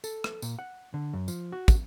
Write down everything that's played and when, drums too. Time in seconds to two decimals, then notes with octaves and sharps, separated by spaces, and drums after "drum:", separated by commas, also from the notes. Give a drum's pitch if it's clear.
0.04 A4, drum: tambourine
0.24 drum: rim click
0.42 A#2, drum: tambourine
0.59 F#5
0.94 D3
1.13 F#2
1.28 F3, drum: tambourine
1.52 F#4
1.68 drum: kick, tambourine